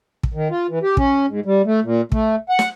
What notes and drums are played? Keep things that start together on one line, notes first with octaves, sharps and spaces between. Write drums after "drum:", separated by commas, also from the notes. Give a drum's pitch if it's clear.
drum: kick
D#3
F4
E3
G4
C#4, drum: kick
G#2
G3
A3
A#2
A3, drum: kick
F#5
drum: snare